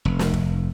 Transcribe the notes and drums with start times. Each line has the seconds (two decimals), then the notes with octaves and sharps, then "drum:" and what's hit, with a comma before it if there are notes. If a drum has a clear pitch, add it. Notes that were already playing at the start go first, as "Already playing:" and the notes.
0.05 F1
0.19 drum: snare
0.34 drum: kick